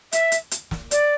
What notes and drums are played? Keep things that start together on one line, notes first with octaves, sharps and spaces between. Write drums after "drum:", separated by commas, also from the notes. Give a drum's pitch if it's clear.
E5, drum: hi-hat
drum: hi-hat
drum: hi-hat
drum: snare
D5, drum: hi-hat